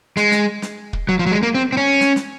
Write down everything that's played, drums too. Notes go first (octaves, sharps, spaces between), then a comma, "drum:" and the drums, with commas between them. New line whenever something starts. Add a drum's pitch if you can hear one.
G#3, drum: snare
drum: snare
drum: snare
drum: kick
F#3
F3
F#3
G#3
A#3
C4
C4
C#4
drum: snare
drum: snare